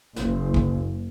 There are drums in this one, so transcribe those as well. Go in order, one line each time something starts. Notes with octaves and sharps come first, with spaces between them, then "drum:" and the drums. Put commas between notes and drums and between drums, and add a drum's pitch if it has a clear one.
F#1, drum: snare
drum: kick